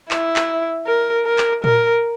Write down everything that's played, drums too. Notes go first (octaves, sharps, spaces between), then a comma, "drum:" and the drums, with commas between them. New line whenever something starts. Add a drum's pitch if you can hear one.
E4, drum: clap
drum: clap
A#4
A#4
drum: clap
A#4, drum: tom A#2